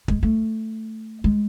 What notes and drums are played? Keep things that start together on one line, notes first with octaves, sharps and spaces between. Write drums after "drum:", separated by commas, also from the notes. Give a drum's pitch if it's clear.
G#3, drum: kick
A3
G#3